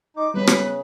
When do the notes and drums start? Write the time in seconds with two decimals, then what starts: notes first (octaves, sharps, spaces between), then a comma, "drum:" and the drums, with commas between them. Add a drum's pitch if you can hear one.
0.17 D#4 D6
0.34 C#3 G3 B3 B4
0.47 drum: rim click